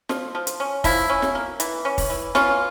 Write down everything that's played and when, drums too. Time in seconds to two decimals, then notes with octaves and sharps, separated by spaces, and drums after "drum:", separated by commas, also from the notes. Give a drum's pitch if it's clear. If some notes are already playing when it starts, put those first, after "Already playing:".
0.09 F3, drum: snare
0.35 F3
0.47 drum: hi-hat
0.60 C#4
0.84 F3 E4, drum: kick, open hi-hat
1.10 C#4
1.22 drum: snare
1.35 A#3
1.60 E3, drum: hi-hat
1.85 C#4
1.98 drum: kick, open hi-hat
2.10 E3
2.35 E3 C#4 F4, drum: snare